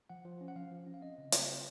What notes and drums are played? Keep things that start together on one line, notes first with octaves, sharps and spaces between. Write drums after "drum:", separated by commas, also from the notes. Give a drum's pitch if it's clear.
F3 F#5
F3
C#4
F#5
F3 F5
F3
C#4
F5
C4 D#5
C#3
C4, drum: hi-hat
F4